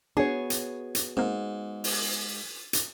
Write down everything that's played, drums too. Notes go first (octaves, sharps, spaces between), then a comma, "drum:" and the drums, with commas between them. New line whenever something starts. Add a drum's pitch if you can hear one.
B3 D4 F#4 G#4 C#5
drum: hi-hat
drum: hi-hat
G#2 A#3 C4
drum: open hi-hat
drum: hi-hat